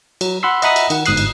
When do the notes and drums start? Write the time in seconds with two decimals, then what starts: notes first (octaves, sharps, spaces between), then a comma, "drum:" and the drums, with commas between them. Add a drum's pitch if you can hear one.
0.21 F#3, drum: cymbal
0.43 F#5 B5 C6 E6 C7
0.62 D#5 E5 F#5 A#5 B5 D#6, drum: cymbal
0.76 drum: cymbal
0.90 D#3 F#5, drum: cymbal
1.06 G1 G#2 D#6 F#6 C7, drum: cymbal
1.17 drum: cymbal